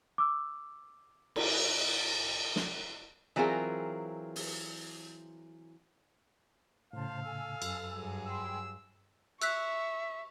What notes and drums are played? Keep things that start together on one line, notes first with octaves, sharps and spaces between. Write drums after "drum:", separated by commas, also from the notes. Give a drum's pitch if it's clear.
D6 E6
drum: cymbal
drum: snare
E3 F#3 C4 F4 G#4 A#4
drum: open hi-hat
A2 C#3 C5 F5 A5
A4 G#5 E6
F#2, drum: cymbal
G2 F#3 G#4
G5 B5 C6 E6
E5 C#6 E6 F#6 B6, drum: cymbal